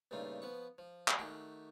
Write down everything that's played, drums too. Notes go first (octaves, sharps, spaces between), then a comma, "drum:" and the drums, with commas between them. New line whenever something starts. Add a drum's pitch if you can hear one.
G2 A#2 C#3 A3 D#4 F4
F3 B3 C#6
F3
drum: clap
D#3 A3 F#4 G4